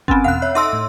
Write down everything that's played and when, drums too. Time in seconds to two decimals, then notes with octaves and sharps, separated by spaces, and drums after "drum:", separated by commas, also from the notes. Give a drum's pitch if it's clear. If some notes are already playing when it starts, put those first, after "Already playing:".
0.08 C4 C#4 G#5 E6 A6, drum: kick G1
0.24 E2 B2 F5 F#5 F#6
0.42 C#5 E5
0.55 D#4 A4 D#5 E5 C6 E6
0.73 A2